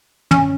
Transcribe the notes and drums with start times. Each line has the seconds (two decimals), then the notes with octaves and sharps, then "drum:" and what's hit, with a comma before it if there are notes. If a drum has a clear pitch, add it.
0.31 C#4, drum: tom